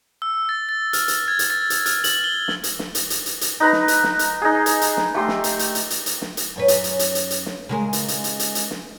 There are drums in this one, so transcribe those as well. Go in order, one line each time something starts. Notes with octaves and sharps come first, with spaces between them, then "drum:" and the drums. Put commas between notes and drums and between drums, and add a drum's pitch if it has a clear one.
E6
A6
A6
F6, drum: hi-hat
drum: hi-hat
G#6
drum: hi-hat
A6
drum: hi-hat
F6, drum: hi-hat
F#7, drum: hi-hat
G7
drum: snare
drum: hi-hat
drum: snare
drum: hi-hat
drum: hi-hat
drum: hi-hat
drum: hi-hat
D#4 B4 A#5
drum: snare
drum: hi-hat
drum: snare
drum: hi-hat
D#4 G#4
drum: hi-hat
drum: hi-hat
drum: snare
A3 G4 C6
drum: snare
drum: hi-hat
drum: hi-hat
drum: hi-hat
drum: hi-hat
drum: hi-hat
drum: snare
drum: hi-hat
F#2 C#4 B4
drum: hi-hat
drum: hi-hat
drum: hi-hat
drum: hi-hat
drum: hi-hat
drum: snare
C#3 G#3 A#4
drum: hi-hat
drum: hi-hat
drum: hi-hat
drum: hi-hat
drum: hi-hat
drum: snare